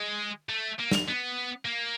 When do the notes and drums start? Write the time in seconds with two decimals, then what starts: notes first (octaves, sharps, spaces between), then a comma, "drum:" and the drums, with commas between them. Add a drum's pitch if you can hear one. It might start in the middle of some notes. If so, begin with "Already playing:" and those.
Already playing: G#3
0.49 A3
0.79 A#3
0.91 drum: snare
1.08 B3
1.65 A#3